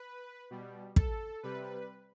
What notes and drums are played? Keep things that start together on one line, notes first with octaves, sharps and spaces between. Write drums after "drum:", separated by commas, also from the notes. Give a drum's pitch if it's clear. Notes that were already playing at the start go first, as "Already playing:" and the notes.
Already playing: B4
B2 G3
A4, drum: kick
C3 G3 B4